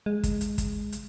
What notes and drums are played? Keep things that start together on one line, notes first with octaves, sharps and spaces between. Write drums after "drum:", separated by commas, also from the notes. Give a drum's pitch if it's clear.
G#3
drum: kick, hi-hat
drum: hi-hat
drum: kick, hi-hat
drum: hi-hat